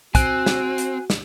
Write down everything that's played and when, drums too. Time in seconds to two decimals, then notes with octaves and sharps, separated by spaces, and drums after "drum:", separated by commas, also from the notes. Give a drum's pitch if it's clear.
0.15 C4 F#4 G#5 F#6, drum: kick, hi-hat
0.46 drum: snare
0.78 drum: hi-hat
1.10 drum: snare